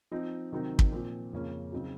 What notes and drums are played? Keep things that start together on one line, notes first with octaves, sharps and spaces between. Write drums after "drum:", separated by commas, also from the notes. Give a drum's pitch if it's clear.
F3 C4 D#4
C3 D#3 F#3 C4 D#4
drum: kick
A#2 F3 C4
F2 C#3 F3 A#3 C#4
C#3 F#3 C4 D#4 F#4